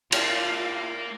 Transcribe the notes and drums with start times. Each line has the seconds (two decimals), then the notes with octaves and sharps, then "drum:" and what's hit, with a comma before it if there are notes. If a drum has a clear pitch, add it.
0.12 A#3 E4 F4 F5, drum: cymbal